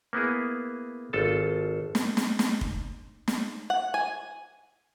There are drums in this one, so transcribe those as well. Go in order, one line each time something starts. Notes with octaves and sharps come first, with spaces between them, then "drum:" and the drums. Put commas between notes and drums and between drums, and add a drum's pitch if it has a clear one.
A#3 B3 E4 G#4
G#1 F4 A4 A5
drum: snare
drum: snare
drum: snare
drum: kick
drum: snare
F#5
G#5